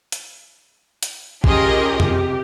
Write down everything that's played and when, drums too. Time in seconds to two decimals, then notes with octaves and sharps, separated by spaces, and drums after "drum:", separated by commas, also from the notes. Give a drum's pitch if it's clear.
0.12 drum: hi-hat
1.03 drum: hi-hat
1.44 C#4 F4 G4 G#4 A#4 D#5, drum: kick
2.00 C3 G4, drum: tom F2